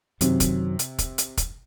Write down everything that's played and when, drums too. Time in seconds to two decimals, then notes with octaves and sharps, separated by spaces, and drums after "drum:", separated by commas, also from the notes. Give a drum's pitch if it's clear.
0.21 F#2 C3 D#3 F#3 C4, drum: hi-hat
0.40 drum: kick, hi-hat
0.79 drum: hi-hat
0.98 drum: kick, hi-hat
1.18 drum: hi-hat
1.37 drum: kick, hi-hat